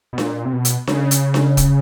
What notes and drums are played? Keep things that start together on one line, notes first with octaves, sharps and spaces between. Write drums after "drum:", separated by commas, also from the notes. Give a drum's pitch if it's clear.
B2
A#2, drum: snare D4
C3
B2
drum: hi-hat
C#3, drum: snare D4
drum: hi-hat
drum: snare D4
drum: kick, hi-hat